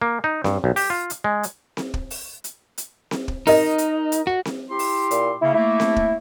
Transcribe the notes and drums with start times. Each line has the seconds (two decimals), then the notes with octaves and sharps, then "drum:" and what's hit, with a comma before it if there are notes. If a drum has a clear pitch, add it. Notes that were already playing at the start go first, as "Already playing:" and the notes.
0.02 A#3
0.24 D#4
0.44 G2, drum: snare C4
0.64 B1
0.76 G4, drum: open hi-hat
0.90 F4
1.10 drum: hi-hat
1.24 G#3
1.43 drum: hi-hat
1.77 drum: snare C4
1.94 drum: kick
2.10 drum: open hi-hat
2.44 drum: hi-hat
2.78 drum: hi-hat
3.11 drum: snare C4
3.28 drum: kick
3.47 D#4 A#4 D#5, drum: open hi-hat
3.78 drum: hi-hat
4.12 drum: hi-hat
4.27 F#4
4.45 drum: snare C4
4.70 E4 G4 C6
4.79 drum: open hi-hat
5.11 A#2, drum: hi-hat
5.41 C#3 A#3 E4
5.54 A3 A#3 E4
5.80 drum: snare C4
5.96 drum: kick